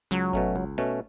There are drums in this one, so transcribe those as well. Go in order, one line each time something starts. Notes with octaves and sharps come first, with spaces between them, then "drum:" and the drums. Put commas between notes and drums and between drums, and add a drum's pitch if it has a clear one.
C#2 F#3
B2 A3 C#4, drum: kick G#1
C#2
B2 A3 C#4